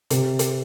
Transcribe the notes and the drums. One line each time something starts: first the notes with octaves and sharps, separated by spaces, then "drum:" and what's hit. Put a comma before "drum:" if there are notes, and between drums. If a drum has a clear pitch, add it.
C3, drum: hi-hat
drum: hi-hat